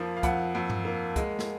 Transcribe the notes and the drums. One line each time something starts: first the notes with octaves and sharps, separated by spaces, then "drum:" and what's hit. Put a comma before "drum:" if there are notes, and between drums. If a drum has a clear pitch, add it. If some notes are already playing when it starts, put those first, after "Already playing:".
Already playing: F2 F3 A#3
F5
F2 F#5, drum: kick, hi-hat
F2
drum: tom G2
A#3
G#3, drum: kick, hi-hat
drum: snare